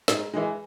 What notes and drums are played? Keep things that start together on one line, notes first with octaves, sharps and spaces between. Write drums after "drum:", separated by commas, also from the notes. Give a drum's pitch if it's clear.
G#2, drum: snare
E3 G#3